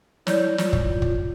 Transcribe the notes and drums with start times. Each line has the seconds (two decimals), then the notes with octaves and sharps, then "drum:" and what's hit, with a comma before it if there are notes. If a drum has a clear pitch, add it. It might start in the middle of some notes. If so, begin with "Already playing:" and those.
0.27 E4 C#5 D5 G6, drum: snare
0.58 F4, drum: snare
0.73 drum: kick
1.02 drum: kick